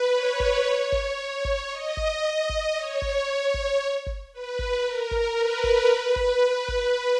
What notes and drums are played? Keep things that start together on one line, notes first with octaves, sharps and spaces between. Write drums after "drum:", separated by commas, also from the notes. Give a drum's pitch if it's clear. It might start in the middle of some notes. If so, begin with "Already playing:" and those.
Already playing: B4
C#5
drum: kick G1
drum: kick G1
drum: kick G1
D#5
drum: kick G1
D#5
drum: kick G1
C#5
drum: kick G1
drum: kick G1
drum: kick G1
B4
drum: kick G1
A#4
drum: kick G1
B4
drum: kick G1
B4
drum: kick G1
drum: kick G1